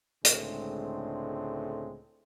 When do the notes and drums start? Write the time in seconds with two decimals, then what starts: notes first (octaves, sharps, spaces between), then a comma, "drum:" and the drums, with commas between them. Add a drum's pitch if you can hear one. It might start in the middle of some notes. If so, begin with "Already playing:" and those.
0.25 C#2 A2 D3 G#3 C4, drum: hi-hat